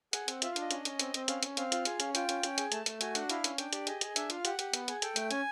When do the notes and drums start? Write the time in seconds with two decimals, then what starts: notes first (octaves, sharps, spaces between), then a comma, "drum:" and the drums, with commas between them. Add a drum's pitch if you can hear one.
0.13 G#4 F#5, drum: hi-hat
0.28 C4, drum: hi-hat
0.42 F4 E5, drum: hi-hat
0.52 F5
0.56 D4 D#5, drum: hi-hat
0.71 C#4, drum: hi-hat
0.85 C#4, drum: hi-hat
0.99 C4, drum: hi-hat
1.14 C4, drum: hi-hat
1.28 C#4 F5, drum: hi-hat
1.43 C#4, drum: hi-hat
1.57 C4 F5, drum: hi-hat
1.72 F4, drum: hi-hat
1.85 G#4, drum: hi-hat
2.00 C#4, drum: hi-hat
2.15 F4 G5, drum: hi-hat
2.29 C#4, drum: hi-hat
2.43 C#4, drum: hi-hat
2.58 G#4, drum: hi-hat
2.72 A3 A5, drum: hi-hat
2.86 A3, drum: hi-hat
3.01 F#4 G#5, drum: hi-hat
3.15 D4 F#5, drum: hi-hat
3.29 E4 F5, drum: hi-hat
3.44 C#4, drum: hi-hat
3.58 D4 G5, drum: hi-hat
3.73 G4 D5, drum: hi-hat
3.87 G#4 D#5, drum: hi-hat
4.01 G#4, drum: hi-hat
4.16 D4 E5, drum: hi-hat
4.30 F4 F5, drum: hi-hat
4.45 G4 F#5, drum: hi-hat
4.59 G4, drum: hi-hat
4.74 B3, drum: hi-hat
4.88 G#4, drum: hi-hat
5.02 A4 G5, drum: hi-hat
5.16 A3, drum: hi-hat
5.31 C#4 G#5, drum: hi-hat